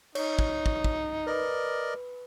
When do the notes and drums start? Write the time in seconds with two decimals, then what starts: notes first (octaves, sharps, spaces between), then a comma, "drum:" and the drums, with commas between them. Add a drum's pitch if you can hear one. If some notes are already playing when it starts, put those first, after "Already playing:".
0.15 D#4 C#5, drum: cymbal
0.39 drum: kick
0.66 drum: kick
0.84 drum: kick
1.27 A#4 B4 D5 D#5